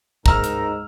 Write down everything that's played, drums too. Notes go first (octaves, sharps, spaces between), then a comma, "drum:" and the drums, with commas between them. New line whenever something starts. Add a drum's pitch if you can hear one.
G#2 D#4 A#4 A#5 E6 F6, drum: kick
drum: hi-hat